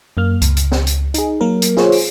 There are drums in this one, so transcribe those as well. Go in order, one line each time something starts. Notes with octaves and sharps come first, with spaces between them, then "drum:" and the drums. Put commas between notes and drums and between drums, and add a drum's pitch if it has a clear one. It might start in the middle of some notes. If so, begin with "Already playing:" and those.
F#2 A#3 F6
C#2, drum: kick C#2, hi-hat
drum: hi-hat
drum: snare
drum: hi-hat
D#4 G#4, drum: hi-hat
F#3 A#3 A#4
drum: hi-hat
F4 G#4 C5 C#5, drum: snare
drum: open hi-hat